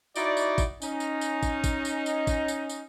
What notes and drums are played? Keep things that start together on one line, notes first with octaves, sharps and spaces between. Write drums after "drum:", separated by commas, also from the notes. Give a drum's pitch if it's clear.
D#4 E4 F#4 D5, drum: tambourine
drum: tambourine
drum: kick, tambourine
C#4 D#4, drum: tambourine
drum: tambourine
drum: tambourine
drum: kick, tambourine
drum: kick, tambourine
drum: tambourine
drum: tambourine
drum: kick, tambourine
drum: tambourine
drum: tambourine